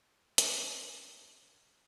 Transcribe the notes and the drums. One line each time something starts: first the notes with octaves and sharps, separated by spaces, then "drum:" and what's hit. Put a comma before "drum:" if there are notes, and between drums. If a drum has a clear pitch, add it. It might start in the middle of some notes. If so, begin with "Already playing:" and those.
Already playing: A#2
A#3
G#3
F#3, drum: hi-hat
G#3
B2 A#3
A#2 B3
B2
F#4
D3 G#4
B2
A#4
A#2
B4
A#2
G#2 A#4